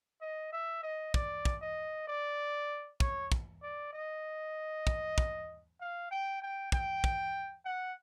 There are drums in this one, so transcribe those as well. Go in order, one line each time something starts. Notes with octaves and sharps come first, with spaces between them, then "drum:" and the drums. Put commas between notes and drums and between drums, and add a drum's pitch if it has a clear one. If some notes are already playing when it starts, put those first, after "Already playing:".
D#5
E5
D#5
D5, drum: kick
drum: kick
D#5
D5
C#5, drum: kick
drum: kick
D5
D#5
drum: kick
drum: kick
F5
G5
G5
G5, drum: kick
drum: kick
F#5